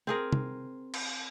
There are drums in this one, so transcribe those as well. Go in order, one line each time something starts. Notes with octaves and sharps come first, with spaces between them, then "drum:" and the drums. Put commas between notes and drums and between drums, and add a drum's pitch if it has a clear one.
C4 G#4 A#4
drum: tom
drum: cymbal